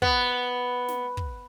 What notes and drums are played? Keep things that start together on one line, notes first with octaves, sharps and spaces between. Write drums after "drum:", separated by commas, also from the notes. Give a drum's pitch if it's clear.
B3, drum: kick
drum: snare
drum: kick